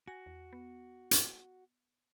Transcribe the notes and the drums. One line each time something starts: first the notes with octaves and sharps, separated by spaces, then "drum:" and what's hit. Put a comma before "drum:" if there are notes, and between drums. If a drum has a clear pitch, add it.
F#4 G#5 A#6
E2
B3
drum: hi-hat